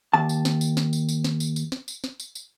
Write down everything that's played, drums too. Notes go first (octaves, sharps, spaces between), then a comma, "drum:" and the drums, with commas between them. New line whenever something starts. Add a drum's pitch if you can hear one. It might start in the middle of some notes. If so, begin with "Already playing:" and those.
D#2 A5
drum: tambourine
drum: snare
drum: tambourine
drum: snare
drum: tambourine
drum: tambourine
drum: snare
drum: tambourine
drum: tambourine
drum: snare
drum: tambourine
drum: snare
drum: tambourine
drum: tambourine